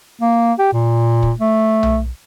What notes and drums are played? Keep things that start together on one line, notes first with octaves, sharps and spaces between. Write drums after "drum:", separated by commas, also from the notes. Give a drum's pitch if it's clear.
A#3
G4
A#2
drum: kick
A3
drum: tom B1